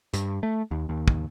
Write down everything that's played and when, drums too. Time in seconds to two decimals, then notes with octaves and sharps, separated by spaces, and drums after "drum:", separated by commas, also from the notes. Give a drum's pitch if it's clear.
0.14 G2, drum: hi-hat
0.43 A3
0.71 D#2
0.89 D#2
1.08 drum: kick